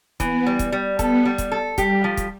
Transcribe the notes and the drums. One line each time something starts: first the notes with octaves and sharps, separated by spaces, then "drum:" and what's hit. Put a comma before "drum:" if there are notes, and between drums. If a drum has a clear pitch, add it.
E3 B3, drum: kick, hi-hat
G3
drum: kick, hi-hat
G3
B3 A4, drum: kick, hi-hat
G3
drum: kick, hi-hat
A4
G3 G4, drum: kick, hi-hat
F3
drum: kick, hi-hat